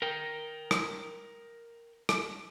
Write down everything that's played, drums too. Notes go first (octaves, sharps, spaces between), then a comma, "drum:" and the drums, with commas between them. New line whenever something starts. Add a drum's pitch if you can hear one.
A#4 G5
drum: rim click
drum: rim click